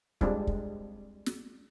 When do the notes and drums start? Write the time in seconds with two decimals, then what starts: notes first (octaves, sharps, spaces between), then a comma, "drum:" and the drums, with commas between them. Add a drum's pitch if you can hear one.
0.21 G3 G#3 C4 D4 F4, drum: kick
0.47 drum: kick
1.26 drum: snare